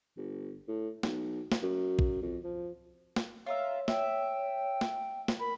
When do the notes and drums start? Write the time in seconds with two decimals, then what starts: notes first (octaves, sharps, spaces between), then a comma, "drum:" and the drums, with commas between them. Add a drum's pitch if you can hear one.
0.17 G1
0.68 A2
1.03 B1, drum: snare
1.52 drum: snare
1.63 F#2
1.99 drum: kick A#1
2.22 F2
2.44 F3
3.16 drum: snare
3.46 F4 A#4 C#5 E5
3.88 E5 G5, drum: snare
4.81 drum: snare
5.28 drum: snare
5.40 A#4 B5